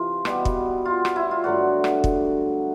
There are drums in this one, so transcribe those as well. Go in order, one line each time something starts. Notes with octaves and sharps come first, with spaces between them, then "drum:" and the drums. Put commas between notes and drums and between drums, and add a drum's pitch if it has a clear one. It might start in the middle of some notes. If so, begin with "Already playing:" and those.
Already playing: C3 E3 F4
B2 G3 B3, drum: rim click
drum: kick
F4
drum: rim click
E4
F4
G2 D3 F#3 A3 F#4
drum: rim click
drum: kick